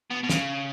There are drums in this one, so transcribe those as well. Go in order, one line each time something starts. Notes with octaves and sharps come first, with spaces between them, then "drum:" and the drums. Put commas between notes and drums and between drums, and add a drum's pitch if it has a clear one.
B2
B2
C#3, drum: snare